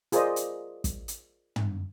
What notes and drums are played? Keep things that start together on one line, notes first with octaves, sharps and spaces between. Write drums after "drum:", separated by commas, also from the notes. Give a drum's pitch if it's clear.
F4 G#4 A#4 C5 D5 D#5, drum: hi-hat
drum: hi-hat
drum: kick, hi-hat
drum: hi-hat
drum: tom